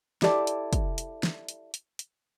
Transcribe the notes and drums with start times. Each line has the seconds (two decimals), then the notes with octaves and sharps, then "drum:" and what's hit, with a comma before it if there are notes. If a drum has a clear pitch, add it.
0.22 E4 G4 A4 D5, drum: snare
0.47 drum: hi-hat
0.73 drum: kick, hi-hat
0.98 drum: hi-hat
1.23 drum: snare
1.49 drum: hi-hat
1.74 drum: hi-hat
1.99 drum: hi-hat